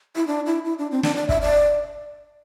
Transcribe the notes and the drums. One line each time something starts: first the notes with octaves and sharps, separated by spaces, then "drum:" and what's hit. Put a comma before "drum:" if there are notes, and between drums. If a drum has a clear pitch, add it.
E4
D4
E4
E4
D4
C4
D4, drum: snare
D5
E5, drum: kick
D5